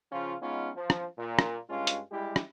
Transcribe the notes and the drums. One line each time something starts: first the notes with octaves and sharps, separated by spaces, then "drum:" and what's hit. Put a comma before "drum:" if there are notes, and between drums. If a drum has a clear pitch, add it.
C#3 F3 C#4 F4
G#3 B3 C#4 D#4 F4
F3
drum: rim click
A#2
drum: rim click
G2 G#3 C#4 F4
drum: hi-hat
G3 G#3 E4 G4
drum: rim click